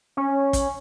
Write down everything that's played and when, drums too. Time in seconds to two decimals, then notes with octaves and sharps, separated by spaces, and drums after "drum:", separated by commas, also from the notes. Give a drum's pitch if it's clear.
0.17 C#4
0.53 drum: kick, hi-hat